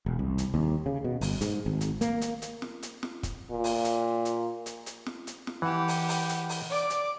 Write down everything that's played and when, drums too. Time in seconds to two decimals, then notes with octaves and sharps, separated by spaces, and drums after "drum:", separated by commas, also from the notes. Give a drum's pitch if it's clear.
0.06 E1
0.19 C2
0.38 drum: hi-hat
0.54 D#2
0.86 C#3
1.04 B2
1.21 G1, drum: open hi-hat
1.41 G#2, drum: hi-hat
1.66 G#1
1.81 drum: hi-hat
2.01 A#3, drum: hi-hat
2.21 drum: hi-hat
2.42 drum: hi-hat
2.62 drum: snare
2.83 drum: hi-hat
3.03 drum: snare
3.23 drum: kick, hi-hat
3.51 A#2
3.64 drum: open hi-hat
3.84 drum: hi-hat
4.25 drum: hi-hat
4.66 drum: hi-hat
4.86 drum: hi-hat
5.07 drum: snare
5.27 drum: hi-hat
5.47 drum: snare
5.62 E3 G4 F#5
5.88 drum: open hi-hat
6.08 drum: open hi-hat
6.29 drum: hi-hat
6.49 drum: open hi-hat
6.69 D5 D6
6.90 drum: hi-hat